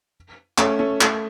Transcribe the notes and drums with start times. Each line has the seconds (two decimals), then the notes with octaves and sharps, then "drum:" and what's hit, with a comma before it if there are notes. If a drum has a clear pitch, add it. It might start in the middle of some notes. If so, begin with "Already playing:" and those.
0.58 A3 C#4, drum: clap
0.79 A3 C#4
1.01 A3, drum: clap